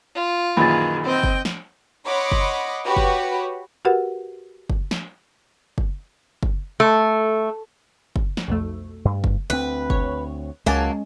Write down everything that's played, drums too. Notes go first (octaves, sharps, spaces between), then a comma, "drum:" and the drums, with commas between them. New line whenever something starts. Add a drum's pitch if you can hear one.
F4
F#2 A#2 D#3 E3 G#4 B5 A6
C4 D#5 G5
drum: kick F#1
drum: snare
C#5 D#5 F#5 B5 C6 D6
drum: kick F#1
F#4 G4 B4 C#5 B5
drum: kick F#1
F#4 G4 A#4 B4 F#5
drum: kick F#1
drum: snare
drum: kick F#1
drum: kick F#1
A3
drum: kick F#1
drum: snare
B1 F2 A3
G2
drum: kick F#1
D2 C4 B4
C#5, drum: kick F#1
C#2 F#3 G#3 A#3 C#4 G#5 A5